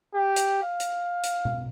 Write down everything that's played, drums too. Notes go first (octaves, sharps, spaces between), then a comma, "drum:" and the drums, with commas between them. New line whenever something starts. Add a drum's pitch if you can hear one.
G4
drum: hi-hat
F5
drum: hi-hat
drum: hi-hat
drum: tom B2